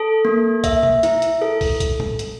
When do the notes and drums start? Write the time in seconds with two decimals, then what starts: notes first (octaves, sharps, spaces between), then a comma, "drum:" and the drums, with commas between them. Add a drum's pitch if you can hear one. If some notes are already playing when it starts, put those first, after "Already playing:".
Already playing: A4
0.25 A#3
0.64 E5, drum: kick, hi-hat
0.83 drum: tom B2
1.03 E4, drum: hi-hat
1.22 drum: hi-hat
1.42 A4
1.61 drum: kick, open hi-hat
1.80 drum: kick, hi-hat
2.00 drum: tom
2.19 drum: hi-hat